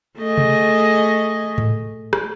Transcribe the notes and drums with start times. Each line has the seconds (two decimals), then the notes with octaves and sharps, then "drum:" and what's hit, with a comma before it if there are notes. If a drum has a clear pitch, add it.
0.19 A3 G#4 D#5
0.38 drum: tom C3
1.58 drum: tom G#2
2.13 drum: rim click